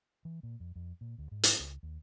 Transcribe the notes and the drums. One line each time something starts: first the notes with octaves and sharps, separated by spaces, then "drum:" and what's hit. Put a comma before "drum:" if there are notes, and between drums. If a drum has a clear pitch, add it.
E3
A#2
F2
F2
A#2
D2
G#2
drum: hi-hat
C#2
D#2